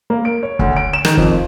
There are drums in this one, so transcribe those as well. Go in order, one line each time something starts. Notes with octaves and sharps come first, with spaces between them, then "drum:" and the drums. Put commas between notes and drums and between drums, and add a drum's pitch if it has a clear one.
A#3
D7
C#5
D2, drum: kick
D7
E7
D#3, drum: rim click
F2, drum: kick
F4